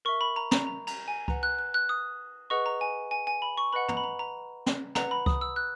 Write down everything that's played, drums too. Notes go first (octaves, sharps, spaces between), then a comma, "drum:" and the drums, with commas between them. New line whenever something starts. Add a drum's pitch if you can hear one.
A#4 E5 C#6
B5
A#5
A#5, drum: snare
A#5
A#5, drum: cymbal
G#5
B4 F#5 A#5, drum: kick C#2
F#6
F#6
F#6
D#6
G#4 B4 D#5 F#5 C#6
A#5
G#5
G#5
G#5
B5
C#6
B4 D#5 F#5 B5
A#5, drum: tom
B5
A#5
A#5
drum: snare
B4 F#5 A#5, drum: snare
B5
D#6, drum: kick C#2
E6
F#6